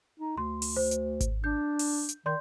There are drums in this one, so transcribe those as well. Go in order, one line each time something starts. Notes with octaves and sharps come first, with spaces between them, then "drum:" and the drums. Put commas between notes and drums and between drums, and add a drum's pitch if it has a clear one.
D#4
D2 C6
drum: open hi-hat
C5
drum: hi-hat
drum: kick G#1, hi-hat
D4 G6
drum: open hi-hat
drum: hi-hat
D#3 D5 C6 G6